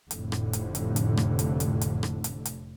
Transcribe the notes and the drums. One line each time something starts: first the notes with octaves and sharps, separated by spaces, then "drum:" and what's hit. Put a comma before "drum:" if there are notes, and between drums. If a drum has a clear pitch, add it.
F1 F2 A2 D3, drum: hi-hat
drum: rim click
drum: hi-hat
drum: hi-hat
drum: hi-hat
drum: rim click
drum: hi-hat
drum: hi-hat
drum: hi-hat
drum: rim click
drum: hi-hat
drum: hi-hat